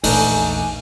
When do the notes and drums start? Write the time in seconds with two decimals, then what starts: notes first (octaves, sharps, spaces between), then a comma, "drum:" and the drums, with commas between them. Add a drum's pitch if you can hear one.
0.03 A#1 E2 A3 D4 D#4 G#5, drum: open hi-hat